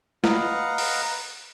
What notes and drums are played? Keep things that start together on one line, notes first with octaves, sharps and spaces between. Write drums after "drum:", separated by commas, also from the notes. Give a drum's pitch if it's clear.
B4 D#5 F5 F#5 A#5, drum: snare
drum: open hi-hat